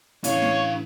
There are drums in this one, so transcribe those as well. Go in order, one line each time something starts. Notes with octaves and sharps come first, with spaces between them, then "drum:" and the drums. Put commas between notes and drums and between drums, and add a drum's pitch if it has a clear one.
A2 C#3 E3 D4 C#5 F5, drum: hi-hat
drum: snare